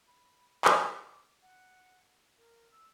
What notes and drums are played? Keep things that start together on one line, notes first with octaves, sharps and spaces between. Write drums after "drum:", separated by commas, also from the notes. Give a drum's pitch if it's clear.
B5
D6, drum: clap
F#5
A#4
E6